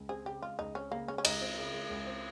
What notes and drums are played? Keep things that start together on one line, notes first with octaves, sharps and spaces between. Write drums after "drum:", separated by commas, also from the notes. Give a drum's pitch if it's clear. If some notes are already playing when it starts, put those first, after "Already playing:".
Already playing: C#2
C4 G#4
C#3 G4
G#3 F4
C#2 D#4
C4 C#4
C#3 A#3
G#3 C#4
C#4
C#2 D#4, drum: cymbal
C4
C#3
G#3
C#2
C4